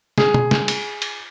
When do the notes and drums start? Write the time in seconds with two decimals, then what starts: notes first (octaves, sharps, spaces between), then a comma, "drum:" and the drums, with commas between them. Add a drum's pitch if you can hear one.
0.18 G#4, drum: snare
0.34 drum: tom B2
0.51 drum: snare
0.68 drum: cymbal
1.02 drum: cymbal